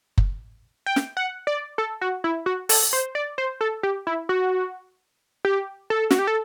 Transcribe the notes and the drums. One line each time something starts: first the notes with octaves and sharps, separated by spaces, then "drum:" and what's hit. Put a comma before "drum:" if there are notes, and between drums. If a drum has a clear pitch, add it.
drum: kick F#1
G5
drum: snare
F#5
D5
A4
F#4
E4
F#4
A4, drum: open hi-hat
C5
D5
C5
A4
G4
E4
F#4
G4
A4
F#4, drum: snare
G4
A4